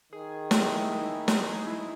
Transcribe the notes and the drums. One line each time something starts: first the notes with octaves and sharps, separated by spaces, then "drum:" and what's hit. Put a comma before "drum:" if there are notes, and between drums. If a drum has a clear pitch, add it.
D#3 G#4
G#4
E4, drum: snare
E4
E4
D#4
D#4, drum: snare
G#4
E4